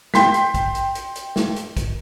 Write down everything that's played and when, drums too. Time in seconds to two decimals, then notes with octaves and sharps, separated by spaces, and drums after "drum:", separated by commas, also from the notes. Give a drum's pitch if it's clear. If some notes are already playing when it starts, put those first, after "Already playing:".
0.14 G5 C6 B6, drum: snare
0.34 drum: hi-hat
0.54 drum: kick, hi-hat
0.75 drum: hi-hat
0.95 drum: hi-hat
1.15 drum: hi-hat
1.36 drum: snare
1.56 drum: hi-hat
1.77 drum: kick, hi-hat